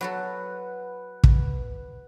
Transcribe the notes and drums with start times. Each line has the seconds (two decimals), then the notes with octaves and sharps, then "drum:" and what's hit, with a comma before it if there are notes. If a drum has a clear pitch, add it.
0.01 F#3 F#4 A4 B4 F#5
1.24 drum: kick